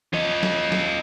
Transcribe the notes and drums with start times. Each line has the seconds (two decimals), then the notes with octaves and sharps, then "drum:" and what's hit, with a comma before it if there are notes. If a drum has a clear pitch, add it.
0.14 F4 D#5, drum: tom
0.43 drum: snare
0.72 drum: snare